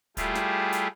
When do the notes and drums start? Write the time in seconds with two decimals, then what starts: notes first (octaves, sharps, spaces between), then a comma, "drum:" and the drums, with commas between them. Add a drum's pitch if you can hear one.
0.17 G3 A3 E4 F4 G4 G#4, drum: kick, hi-hat
0.35 drum: snare
0.72 drum: hi-hat